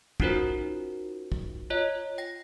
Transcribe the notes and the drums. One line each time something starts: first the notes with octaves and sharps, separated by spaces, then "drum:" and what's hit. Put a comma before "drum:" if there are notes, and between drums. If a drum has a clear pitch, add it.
C#4 D#4 F4 F#4 A#4 C5, drum: kick
drum: kick
F4 C#5 D#5
G5 A#6